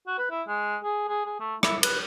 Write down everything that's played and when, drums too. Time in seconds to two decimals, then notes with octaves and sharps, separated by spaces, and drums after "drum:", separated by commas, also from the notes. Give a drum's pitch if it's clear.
0.07 F#4
0.18 B4
0.31 E4
0.48 G#3
0.83 G#4
1.08 G#4
1.26 G#4
1.40 A3
1.63 E4, drum: rim click
1.83 B4, drum: cymbal